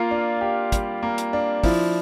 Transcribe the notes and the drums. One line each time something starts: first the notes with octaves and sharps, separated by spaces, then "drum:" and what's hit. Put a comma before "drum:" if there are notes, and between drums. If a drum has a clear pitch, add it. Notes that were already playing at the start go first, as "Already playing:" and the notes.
Already playing: A#3 F4
D4
G4
G3, drum: kick, hi-hat
A#3
drum: hi-hat
D4
F3 E4, drum: kick, open hi-hat